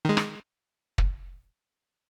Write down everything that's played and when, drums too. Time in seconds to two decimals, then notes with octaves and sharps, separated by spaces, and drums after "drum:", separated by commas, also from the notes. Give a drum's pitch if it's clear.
0.05 D#3 G#3
0.17 drum: rim click
0.98 drum: kick